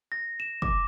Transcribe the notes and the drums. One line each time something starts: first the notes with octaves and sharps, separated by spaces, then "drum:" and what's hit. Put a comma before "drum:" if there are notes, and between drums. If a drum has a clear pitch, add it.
A#6
E7
D6, drum: kick